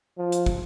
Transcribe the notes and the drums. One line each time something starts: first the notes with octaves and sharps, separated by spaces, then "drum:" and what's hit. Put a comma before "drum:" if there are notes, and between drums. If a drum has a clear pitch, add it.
F3
drum: hi-hat
drum: kick